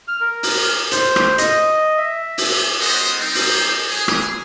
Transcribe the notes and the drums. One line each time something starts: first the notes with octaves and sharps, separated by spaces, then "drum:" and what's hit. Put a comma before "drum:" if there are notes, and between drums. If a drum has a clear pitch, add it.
F6
A#4
drum: open hi-hat
C5, drum: hi-hat
drum: rim click
D#5, drum: hi-hat
E5
drum: open hi-hat
G3 B3 C#4 F#4 C5 D#5
G3 C4 D#4
drum: open hi-hat
G#4
drum: rim click